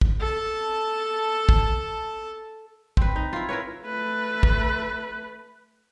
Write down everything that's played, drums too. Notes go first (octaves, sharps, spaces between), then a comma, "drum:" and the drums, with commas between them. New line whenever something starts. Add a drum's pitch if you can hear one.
drum: kick
A4 A5
drum: kick
C4 B4, drum: kick
D#4
E4 F4
E4 A#4 B4 C#5
A3 B4
drum: kick